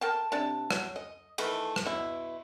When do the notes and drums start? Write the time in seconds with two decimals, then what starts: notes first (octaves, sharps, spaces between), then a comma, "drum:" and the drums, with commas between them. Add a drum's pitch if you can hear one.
0.01 A#4 G5 A5
0.32 C3 D4 A5
0.71 F#3, drum: rim click
0.96 D#5
1.38 D#3 E3 A3 B4, drum: cymbal
1.76 drum: rim click
1.86 B2 E4